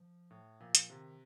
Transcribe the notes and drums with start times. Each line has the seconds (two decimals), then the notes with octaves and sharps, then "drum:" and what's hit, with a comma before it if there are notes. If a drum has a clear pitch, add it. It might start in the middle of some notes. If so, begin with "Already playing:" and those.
Already playing: F3
0.31 A2
0.60 A#2 F3
0.75 drum: hi-hat
0.89 C3 D#3